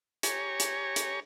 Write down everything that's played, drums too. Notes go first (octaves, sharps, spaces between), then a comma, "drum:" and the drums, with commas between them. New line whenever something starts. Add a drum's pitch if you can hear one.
G4 C#5 G#5 A#5 C#6, drum: hi-hat
drum: hi-hat
drum: hi-hat